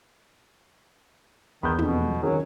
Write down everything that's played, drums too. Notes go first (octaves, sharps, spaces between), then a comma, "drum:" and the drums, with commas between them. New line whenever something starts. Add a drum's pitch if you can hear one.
E2 D#3 B5 F#6 G6
F2 B2 B4, drum: tom
D#3 F#3 C#4 F#4 G#4